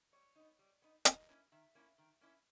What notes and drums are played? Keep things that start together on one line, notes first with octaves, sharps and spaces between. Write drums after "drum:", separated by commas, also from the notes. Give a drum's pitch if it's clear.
G3 C#5
B3 D#4
G3
B3 D#4
D#3 D#5, drum: hi-hat
A#3 C#4 E4
D#3 E5
A#3 C#4 E4
D#3
A#3 C#4 E4